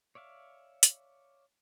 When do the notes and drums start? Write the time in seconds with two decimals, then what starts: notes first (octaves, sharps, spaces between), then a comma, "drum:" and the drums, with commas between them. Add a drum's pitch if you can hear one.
0.15 C#5 D5 E5 F5
0.83 drum: hi-hat